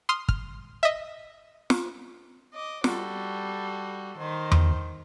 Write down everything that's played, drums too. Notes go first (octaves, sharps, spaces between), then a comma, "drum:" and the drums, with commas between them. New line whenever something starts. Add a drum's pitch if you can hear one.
C6 D#6 F6
F6, drum: kick
D#5 E5
drum: snare
D#5 D6
G3 F#4 A4, drum: snare
D#3 C5
drum: tom E2